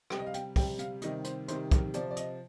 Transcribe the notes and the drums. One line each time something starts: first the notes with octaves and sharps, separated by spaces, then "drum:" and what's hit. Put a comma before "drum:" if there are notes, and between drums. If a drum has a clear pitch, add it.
C3 G3 G5, drum: rim click
D#5
F5
G5, drum: hi-hat
C3 G3 G5, drum: kick, open hi-hat
F5, drum: hi-hat
C3 D#3 G3 D#5, drum: hi-hat
C5, drum: hi-hat
C3 D#3 G3 C5, drum: hi-hat
A#4, drum: kick, hi-hat
C3 F3 D5, drum: hi-hat
D5
D#5, drum: hi-hat